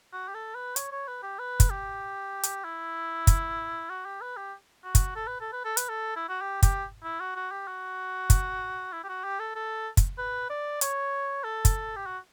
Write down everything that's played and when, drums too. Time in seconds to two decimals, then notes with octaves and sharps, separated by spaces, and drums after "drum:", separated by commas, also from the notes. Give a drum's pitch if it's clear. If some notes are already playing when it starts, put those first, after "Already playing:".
0.13 F#4
0.29 G4
0.34 A4
0.55 B4
0.76 C#5, drum: hi-hat
0.92 C#5
1.08 B4
1.23 G4
1.39 B4
1.60 drum: kick, hi-hat
1.70 G4
2.43 drum: hi-hat
2.65 E4
3.27 drum: kick, hi-hat
3.90 F#4
4.05 G4
4.21 B4
4.37 G4
4.84 F#4
4.95 drum: kick, hi-hat
5.16 A4
5.27 B4
5.40 A4
5.52 B4
5.65 A4
5.77 B4, drum: hi-hat
5.89 A4
6.16 E4
6.29 F#4
6.41 G4
6.62 G4, drum: kick, hi-hat
7.04 E4
7.20 F#4
7.36 F#4
7.51 G4
7.67 F#4
8.30 drum: kick, hi-hat
8.92 E4
9.04 G4
9.09 F#4
9.24 G4
9.40 A4
9.56 A4
9.97 drum: kick, hi-hat
10.18 B4
10.50 D5
10.81 C#5, drum: hi-hat
11.44 A4
11.65 drum: kick, hi-hat
11.96 G4
12.07 F#4